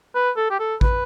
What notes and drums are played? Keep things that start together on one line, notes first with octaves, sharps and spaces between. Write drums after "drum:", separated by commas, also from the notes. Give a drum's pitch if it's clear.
B4
A4
G4
A4
B4, drum: kick A1